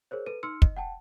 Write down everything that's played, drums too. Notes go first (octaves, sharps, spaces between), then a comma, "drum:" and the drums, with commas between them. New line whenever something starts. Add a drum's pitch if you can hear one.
G#4 A#4 C5 C#5
A4 B4 D#7
D#4 C6 E6 F6 C#7
D#5, drum: kick
F#5 G5 A5